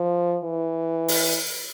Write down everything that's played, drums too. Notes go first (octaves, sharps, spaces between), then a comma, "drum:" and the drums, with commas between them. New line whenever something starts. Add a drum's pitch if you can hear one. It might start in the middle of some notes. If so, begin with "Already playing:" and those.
Already playing: F3
E3
drum: open hi-hat